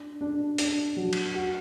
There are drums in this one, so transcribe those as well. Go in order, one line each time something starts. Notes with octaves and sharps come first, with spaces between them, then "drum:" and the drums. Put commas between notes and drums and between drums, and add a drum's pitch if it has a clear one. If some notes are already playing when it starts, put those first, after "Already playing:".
Already playing: D4
D4
D4, drum: hi-hat
F#3
drum: cymbal
F#4